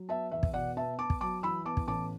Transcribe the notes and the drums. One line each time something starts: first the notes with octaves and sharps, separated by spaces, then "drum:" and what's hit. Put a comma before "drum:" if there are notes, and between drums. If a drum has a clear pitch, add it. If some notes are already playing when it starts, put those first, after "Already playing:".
Already playing: F#3
B3 E5 A5
E2 E5
drum: kick
B2 D5 F#5
B3 E5 A5
B3 A5 D6
drum: kick
F#3 A5 D6
E3 B5 E6
B3 A5 D6
drum: kick
A1 A5 D6